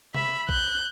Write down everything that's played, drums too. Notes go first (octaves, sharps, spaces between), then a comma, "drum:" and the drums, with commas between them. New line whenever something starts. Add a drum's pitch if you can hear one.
E5 B5, drum: tom C3
F#6 G6, drum: kick A#1